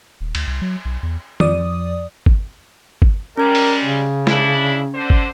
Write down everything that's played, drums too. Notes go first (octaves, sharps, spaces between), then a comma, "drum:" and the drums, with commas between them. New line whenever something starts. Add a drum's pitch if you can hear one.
D#1
D2, drum: cymbal
C2
F#3
B1
E2
F2 F3 D5 D#6, drum: tom
drum: kick G1
drum: kick G1
G3 G#3 C#4 A#4 G#6
drum: open hi-hat
C#3
D4 E4, drum: snare
D3 C5
drum: kick G1